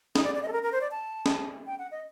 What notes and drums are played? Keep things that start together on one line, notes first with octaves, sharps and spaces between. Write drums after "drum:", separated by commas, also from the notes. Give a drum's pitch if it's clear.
D#4, drum: snare
D5
D5
D#5
A4
A#4
A#4
C5
D5
A5
drum: snare
G5
F#5
D#5